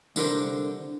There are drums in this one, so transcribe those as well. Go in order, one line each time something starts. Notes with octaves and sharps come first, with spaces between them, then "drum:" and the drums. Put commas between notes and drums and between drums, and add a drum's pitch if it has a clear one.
C2 D3 A#4 C5, drum: tambourine